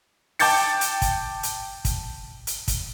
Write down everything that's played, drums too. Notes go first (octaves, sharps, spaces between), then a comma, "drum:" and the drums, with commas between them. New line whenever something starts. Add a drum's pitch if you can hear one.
G5 A5 D6 G6 A6 C#7, drum: open hi-hat
drum: hi-hat
drum: kick, hi-hat
drum: hi-hat
drum: kick, hi-hat
drum: hi-hat
drum: kick, hi-hat